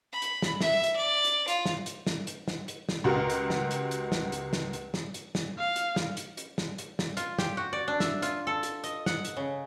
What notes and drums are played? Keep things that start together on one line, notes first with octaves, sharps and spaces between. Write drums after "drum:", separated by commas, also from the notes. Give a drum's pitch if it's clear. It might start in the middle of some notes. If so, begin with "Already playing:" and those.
B5
drum: hi-hat
drum: snare
E5, drum: snare
drum: hi-hat
D5
drum: hi-hat
F4, drum: hi-hat
drum: snare
drum: hi-hat
drum: snare
drum: hi-hat
drum: snare
drum: hi-hat
drum: snare
C#2 F#4 G4 A#4
drum: hi-hat
drum: snare
drum: hi-hat
drum: hi-hat
drum: snare
drum: hi-hat
drum: snare
drum: hi-hat
drum: snare
drum: hi-hat
drum: snare
F5
drum: hi-hat
drum: snare
drum: hi-hat
drum: hi-hat
drum: snare
drum: hi-hat
drum: snare
F4, drum: hi-hat
G4, drum: snare
F#4
D5
D4
E5, drum: snare
F4, drum: hi-hat
A4
drum: hi-hat
D#5, drum: hi-hat
F#5, drum: snare
drum: hi-hat
C#3